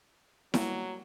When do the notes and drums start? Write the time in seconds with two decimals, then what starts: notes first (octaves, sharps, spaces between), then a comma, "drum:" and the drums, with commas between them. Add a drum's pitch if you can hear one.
0.54 F#3 G3 A#3 G4, drum: snare E4